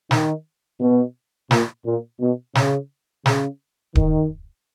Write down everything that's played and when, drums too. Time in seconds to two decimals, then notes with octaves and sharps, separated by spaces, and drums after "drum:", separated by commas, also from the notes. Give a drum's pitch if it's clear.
0.11 D#3, drum: snare
0.80 B2
1.51 A#2, drum: snare
1.85 A#2
2.20 B2
2.55 C#3, drum: snare
3.26 C#3, drum: snare
3.95 D#3, drum: kick D1